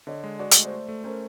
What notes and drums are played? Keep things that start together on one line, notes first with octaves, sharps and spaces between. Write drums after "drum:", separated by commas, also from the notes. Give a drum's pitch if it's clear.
D3 C#5 D#5
G#3
F#4 D5
A3 D#5, drum: hi-hat
C5 D5
A3
A3
C#4 A#4 C5